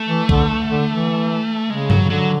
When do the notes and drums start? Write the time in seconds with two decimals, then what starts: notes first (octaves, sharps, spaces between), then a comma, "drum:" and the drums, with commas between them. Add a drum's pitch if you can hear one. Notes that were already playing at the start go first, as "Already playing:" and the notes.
Already playing: A3
0.08 E3
0.29 D3, drum: kick B1
0.70 D3
0.89 E3
1.69 C#3 G#3
1.90 F#3, drum: tom G2
2.05 C#3
2.10 D3 F#3